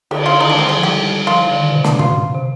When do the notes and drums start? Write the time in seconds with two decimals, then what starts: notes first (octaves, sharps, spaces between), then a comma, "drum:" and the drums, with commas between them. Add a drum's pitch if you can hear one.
0.11 D3 G4, drum: cymbal
0.26 F4
0.35 D3
0.40 D#3 D#4
0.49 D4
0.55 G#3 C4
0.65 G3 G#4
0.75 F3
0.83 G3 G4
1.27 F3 F4
1.51 D3
1.56 D#3
1.65 D3
1.71 B2
1.75 C3
1.84 D4, drum: snare
1.99 F4, drum: tom
2.35 C3